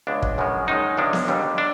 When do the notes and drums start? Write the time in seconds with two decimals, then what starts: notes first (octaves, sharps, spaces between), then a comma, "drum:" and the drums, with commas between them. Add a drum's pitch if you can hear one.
0.07 C#2 B2 G#3 D4
0.22 drum: kick
0.38 F#2 C#3 F3 G#3
0.67 F#2 D#3 G#3 D#4
0.97 C#2 C3 F3 G#3 D4
1.13 drum: snare B3
1.28 D#2 D3 G3
1.58 D4